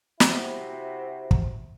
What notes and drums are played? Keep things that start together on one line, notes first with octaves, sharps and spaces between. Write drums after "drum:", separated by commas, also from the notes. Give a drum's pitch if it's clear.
C3 E4 F#4, drum: snare
drum: kick